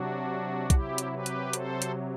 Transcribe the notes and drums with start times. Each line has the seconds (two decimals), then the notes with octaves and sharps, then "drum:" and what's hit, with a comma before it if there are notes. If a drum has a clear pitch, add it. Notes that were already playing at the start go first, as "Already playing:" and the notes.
Already playing: C3 F#3 D4 F#4
0.70 C3 F#3 E4 G4, drum: kick, hi-hat
0.98 drum: hi-hat
1.12 G4 B4
1.26 drum: hi-hat
1.53 A4 C5, drum: hi-hat
1.82 drum: hi-hat